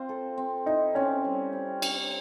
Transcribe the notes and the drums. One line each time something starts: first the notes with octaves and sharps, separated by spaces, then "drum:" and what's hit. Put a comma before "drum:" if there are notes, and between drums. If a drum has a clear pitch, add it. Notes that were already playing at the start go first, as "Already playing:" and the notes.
Already playing: C4 F4
A4
C4
D#4 E4
C4 C#4
G3
C4
D#4, drum: cymbal